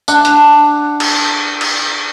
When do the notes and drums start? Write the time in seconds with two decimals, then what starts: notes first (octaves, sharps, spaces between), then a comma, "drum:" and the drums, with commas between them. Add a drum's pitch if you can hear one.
0.08 D4 F#5, drum: tambourine
0.25 drum: hi-hat
1.00 drum: cymbal
1.61 drum: cymbal